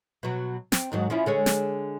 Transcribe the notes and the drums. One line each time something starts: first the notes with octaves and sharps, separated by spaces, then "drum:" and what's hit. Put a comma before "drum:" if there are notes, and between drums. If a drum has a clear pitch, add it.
B2 F#3
C4, drum: snare
D#2 G#2 F#3
F3 C#4 E4
D3 G#3 C#5
drum: snare